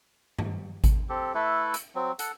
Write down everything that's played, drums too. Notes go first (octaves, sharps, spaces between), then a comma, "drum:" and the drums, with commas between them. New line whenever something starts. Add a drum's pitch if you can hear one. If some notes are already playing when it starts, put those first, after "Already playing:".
drum: tom G2
drum: kick G#1, hi-hat
C4 G4 A4
A3 E4 A4 B4
drum: hi-hat
F#3 C4
A4 F#5, drum: hi-hat